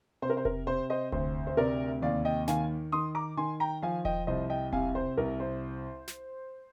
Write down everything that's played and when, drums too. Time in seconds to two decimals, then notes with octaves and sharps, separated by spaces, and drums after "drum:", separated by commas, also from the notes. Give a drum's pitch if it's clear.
0.22 C3 C5
0.30 A#4
0.37 C5
0.45 A#4, drum: kick E1
0.67 C3 C5
0.90 C5 D#5
1.12 D2 C5, drum: kick E1
1.47 C5
1.57 C3 A#4 D5
2.02 D#2 D5 F5
2.25 D#5 G5
2.48 D#3 F5 G#5, drum: snare
2.92 D#3 C6 D#6
3.15 A#5 D6
3.37 D#3 G#5 C6
3.60 G5 A#5
3.82 F3 F5 G#5
4.05 D#5 G5, drum: kick E1
4.27 C2 C5 D#5
4.49 D#5 G5
4.72 C3 F5 G#5, drum: kick E1
4.95 C5
5.17 C2 A#4
5.40 C5
6.08 drum: snare